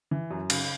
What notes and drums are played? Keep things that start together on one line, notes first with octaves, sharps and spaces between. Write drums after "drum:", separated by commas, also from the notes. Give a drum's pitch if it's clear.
E3
F#2
C#3, drum: cymbal